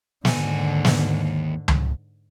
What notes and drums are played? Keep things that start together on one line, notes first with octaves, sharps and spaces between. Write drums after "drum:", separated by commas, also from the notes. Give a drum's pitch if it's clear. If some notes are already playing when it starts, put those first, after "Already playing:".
D#2 G#2 D3 G#5, drum: snare
drum: snare
drum: tom C#2